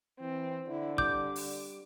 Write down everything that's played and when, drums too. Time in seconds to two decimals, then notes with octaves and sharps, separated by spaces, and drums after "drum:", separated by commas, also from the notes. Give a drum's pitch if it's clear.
0.20 E3 C4
0.68 D3 E4
0.98 G3 D6 G6, drum: kick
1.36 drum: open hi-hat